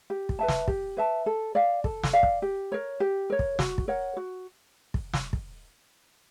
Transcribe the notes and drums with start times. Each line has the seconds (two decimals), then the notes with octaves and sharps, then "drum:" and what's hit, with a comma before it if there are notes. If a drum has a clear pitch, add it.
0.10 G4
0.29 drum: kick
0.39 B4 E5 A5
0.49 drum: snare
0.68 G4, drum: kick
0.97 B4 E5 A5
1.26 A4
1.55 D5 F5
1.84 A4, drum: kick
2.04 drum: snare
2.13 D5 F5
2.23 drum: kick
2.42 G4
2.72 A#4 C#5
3.00 G4
3.30 A#4 C#5
3.39 drum: kick
3.59 F#4, drum: snare
3.78 drum: kick
3.88 A#4 C#5 F#5
4.17 F#4
4.94 drum: kick
5.14 drum: snare
5.33 drum: kick